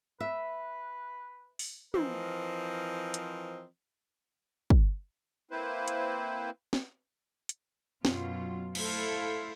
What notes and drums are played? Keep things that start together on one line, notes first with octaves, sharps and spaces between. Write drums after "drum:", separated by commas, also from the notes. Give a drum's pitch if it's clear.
B4 E5
drum: open hi-hat
E3 F3 C4 A#4 D#5, drum: tom
drum: hi-hat
drum: kick
A#3 C4 E4 B4 C5
drum: hi-hat
drum: snare
drum: hi-hat
F#2 B2 F#3 F4, drum: snare
A3 E4 A4 C5 F5, drum: cymbal